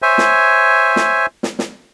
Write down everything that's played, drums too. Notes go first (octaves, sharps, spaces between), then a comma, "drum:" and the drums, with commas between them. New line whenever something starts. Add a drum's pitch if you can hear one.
C5 C#5 E5 G#5
drum: snare
drum: snare
drum: snare
drum: snare